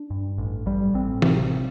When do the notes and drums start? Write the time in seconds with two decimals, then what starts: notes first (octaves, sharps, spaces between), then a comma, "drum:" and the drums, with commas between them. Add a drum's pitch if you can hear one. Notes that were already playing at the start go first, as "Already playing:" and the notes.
Already playing: D4
0.10 G2
0.38 A1
0.66 A1 G3
0.94 A1 C4
1.22 C3, drum: tom